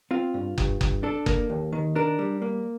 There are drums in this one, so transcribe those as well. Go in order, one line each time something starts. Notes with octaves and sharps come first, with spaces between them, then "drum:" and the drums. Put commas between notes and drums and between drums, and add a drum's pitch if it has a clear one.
C4 F4
G2
G2, drum: kick F#1
G2, drum: kick F#1
D4 A4
A#3, drum: kick F#1
D#2
D#3
D4 A#4
G3
A#3